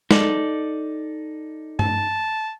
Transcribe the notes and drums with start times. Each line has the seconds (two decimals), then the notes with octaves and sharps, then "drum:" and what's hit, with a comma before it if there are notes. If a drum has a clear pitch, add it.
0.11 D#4 A4 D5, drum: snare
1.79 A5, drum: tom G2